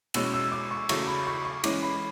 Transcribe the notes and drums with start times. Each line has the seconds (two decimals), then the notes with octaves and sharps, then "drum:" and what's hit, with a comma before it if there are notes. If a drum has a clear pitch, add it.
0.14 E2 B2 G#3 C#4 E6, drum: cymbal
0.34 E6
0.52 D6
0.71 C#6
0.89 E2 C#3 F#3 A3 C#6, drum: cymbal
1.07 B5
1.27 C#6
1.45 C#6
1.64 E3 G#3 C#4 D6, drum: cymbal
1.82 B5